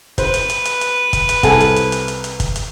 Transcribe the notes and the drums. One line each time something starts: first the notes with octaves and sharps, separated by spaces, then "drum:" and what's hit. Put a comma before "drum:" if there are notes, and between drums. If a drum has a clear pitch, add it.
B4 C5, drum: kick, hi-hat
drum: hi-hat
drum: hi-hat
drum: hi-hat
drum: hi-hat
drum: kick, hi-hat
drum: hi-hat
C2 A4 G#5, drum: kick, hi-hat
drum: hi-hat
drum: hi-hat
drum: hi-hat
drum: hi-hat
drum: hi-hat
drum: kick, hi-hat
drum: hi-hat